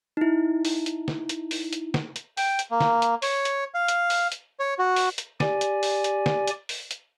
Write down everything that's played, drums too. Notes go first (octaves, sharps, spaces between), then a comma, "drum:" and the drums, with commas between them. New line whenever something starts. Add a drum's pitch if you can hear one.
D#4 E4
drum: open hi-hat
drum: hi-hat
drum: snare
drum: hi-hat
drum: open hi-hat
drum: hi-hat
drum: snare
drum: hi-hat
G5, drum: open hi-hat
drum: hi-hat
A#3
drum: snare
drum: hi-hat
C#5, drum: open hi-hat
drum: hi-hat
F5
drum: hi-hat
drum: open hi-hat
drum: hi-hat
C#5
F#4
drum: open hi-hat
drum: hi-hat
G4 D5 G#5, drum: snare
drum: hi-hat
drum: open hi-hat
drum: hi-hat
drum: snare
drum: hi-hat
drum: open hi-hat
drum: hi-hat